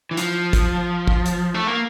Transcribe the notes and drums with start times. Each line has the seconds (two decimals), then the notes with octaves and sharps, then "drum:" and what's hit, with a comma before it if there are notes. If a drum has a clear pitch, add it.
0.11 E3
0.17 F3, drum: hi-hat
0.53 drum: kick, hi-hat
1.08 drum: kick
1.26 drum: hi-hat
1.54 A3
1.67 A#3